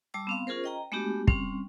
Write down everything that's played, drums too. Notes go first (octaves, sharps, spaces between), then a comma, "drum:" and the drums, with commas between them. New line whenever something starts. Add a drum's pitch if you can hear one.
G3 A5 D6 E6
B3 C4 F5
C#4 F4 G#4 A#4 C5
D#5 G5 A#5
G#3 A3 B3 D4 F#4 G4
G3 C4 C#4, drum: kick